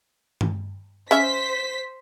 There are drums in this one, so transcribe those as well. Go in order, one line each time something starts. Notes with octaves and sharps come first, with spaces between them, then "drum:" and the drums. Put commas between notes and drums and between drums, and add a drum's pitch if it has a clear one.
drum: tom G2
C#4 C5 E5 B6, drum: hi-hat